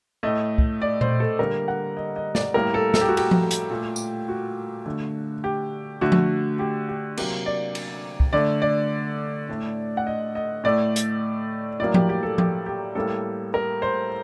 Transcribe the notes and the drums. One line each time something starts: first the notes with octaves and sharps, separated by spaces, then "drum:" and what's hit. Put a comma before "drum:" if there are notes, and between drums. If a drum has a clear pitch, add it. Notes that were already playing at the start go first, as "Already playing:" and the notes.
A2 A3 D#5
drum: kick
D5
C5, drum: tom A#2
A4
D3 G3 A#3 A#4
F#5
D#5
D#5
D5, drum: snare
A2 G3 A#3 A#4
A4
A4, drum: snare
G4
F#4
G4, drum: cymbal
drum: tom F3
drum: hi-hat
A#2 A3
drum: tambourine
F#4
D3 A3
G4
D3 A3 F#4
drum: tom F3
G4
G4
C3 F#3 A#3 G4, drum: cymbal
D5
drum: cymbal
drum: kick
D3 A3 D5
D5
A2 A3
F#5
D#5
D#5
A2 A3 D5
drum: hi-hat
A2 F#3 A#3 D5
G4, drum: tom F3
G4
A4
G4, drum: tom F3
G4
A2 G3 A#3 A4
A#4
C5